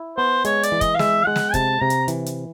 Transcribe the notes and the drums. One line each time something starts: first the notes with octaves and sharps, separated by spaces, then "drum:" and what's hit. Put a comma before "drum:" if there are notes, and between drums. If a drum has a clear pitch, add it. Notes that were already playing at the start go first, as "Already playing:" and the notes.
Already playing: E4
B3 C5
G#3 C#5, drum: hi-hat
D5, drum: hi-hat
E3
D#5, drum: kick, hi-hat
F5
G#3 E5, drum: snare
G#3 F#5
drum: snare
C3 A5, drum: kick, hi-hat
C3 A#5
drum: hi-hat
E3, drum: hi-hat
drum: hi-hat